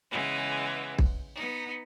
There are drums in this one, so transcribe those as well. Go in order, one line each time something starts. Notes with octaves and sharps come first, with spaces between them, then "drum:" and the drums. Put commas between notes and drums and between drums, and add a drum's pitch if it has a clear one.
C#3 E3 G#3 B3
drum: kick
B3 D#4